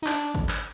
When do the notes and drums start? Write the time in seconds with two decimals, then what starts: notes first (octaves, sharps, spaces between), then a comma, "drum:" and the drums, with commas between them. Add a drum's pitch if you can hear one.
0.02 D#4
0.06 D4, drum: clap
0.20 drum: hi-hat
0.35 drum: kick, hi-hat
0.49 drum: clap